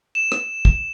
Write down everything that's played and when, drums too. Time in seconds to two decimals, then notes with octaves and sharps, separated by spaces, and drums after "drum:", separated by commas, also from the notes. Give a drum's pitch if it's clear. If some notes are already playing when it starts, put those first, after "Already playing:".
0.15 E7
0.32 drum: rim click
0.65 drum: kick